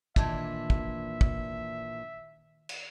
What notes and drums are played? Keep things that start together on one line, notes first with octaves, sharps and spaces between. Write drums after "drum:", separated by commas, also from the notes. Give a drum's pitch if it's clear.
A#2 D#3 E3 D4 E5 A5 G#6, drum: kick
drum: kick
drum: kick
drum: cymbal